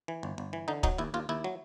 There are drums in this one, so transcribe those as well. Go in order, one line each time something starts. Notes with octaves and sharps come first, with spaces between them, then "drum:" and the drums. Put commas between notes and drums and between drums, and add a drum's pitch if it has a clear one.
E3
G1
G1
E3
D3 D#4
F#3 D#4, drum: kick
D#2 E4
D#2 F4
D#2 E4
F#3